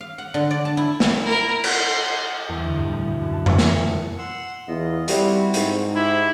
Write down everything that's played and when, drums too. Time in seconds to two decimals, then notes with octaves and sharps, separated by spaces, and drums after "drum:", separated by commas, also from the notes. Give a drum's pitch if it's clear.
0.01 F5
0.18 F#5
0.34 D3
0.51 D5
0.65 A5
0.77 E4
1.00 drum: snare
1.21 E4 A#4
1.64 F#5 C6, drum: cymbal
2.49 E2
2.64 D2
2.77 G2
2.91 A2
3.07 B2
3.21 F#2
3.33 A5
3.46 E3, drum: tom F2
3.59 D5, drum: snare
3.71 C#7
3.88 G#3
4.19 F#5 C6 E6
4.68 E2 F4 D#5
5.08 G3 C4 E4 F#4, drum: hi-hat
5.54 G#2, drum: hi-hat
5.96 D#4 E4 G4 C5